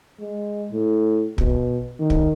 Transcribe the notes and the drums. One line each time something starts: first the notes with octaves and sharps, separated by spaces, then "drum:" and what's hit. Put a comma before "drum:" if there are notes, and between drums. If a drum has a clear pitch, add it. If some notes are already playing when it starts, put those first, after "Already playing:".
G#3
A2
B2, drum: kick
D#3
drum: kick